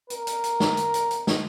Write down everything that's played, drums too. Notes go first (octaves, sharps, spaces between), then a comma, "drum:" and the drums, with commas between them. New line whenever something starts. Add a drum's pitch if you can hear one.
A#4, drum: hi-hat
drum: hi-hat
drum: hi-hat
drum: snare
drum: hi-hat
drum: hi-hat
drum: hi-hat
drum: snare